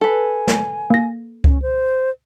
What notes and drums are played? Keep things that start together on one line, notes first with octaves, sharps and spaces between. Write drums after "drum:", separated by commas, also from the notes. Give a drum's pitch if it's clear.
A4 B4 G#5
drum: snare
A#3 A#6
C#4, drum: kick C#2
C5